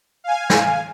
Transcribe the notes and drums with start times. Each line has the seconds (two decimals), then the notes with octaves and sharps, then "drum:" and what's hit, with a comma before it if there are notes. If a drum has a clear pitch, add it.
0.24 F5 G#5
0.50 drum: snare